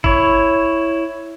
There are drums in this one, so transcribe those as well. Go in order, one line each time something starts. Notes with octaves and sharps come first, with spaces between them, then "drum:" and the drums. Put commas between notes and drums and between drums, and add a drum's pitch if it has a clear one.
E4 C#5, drum: kick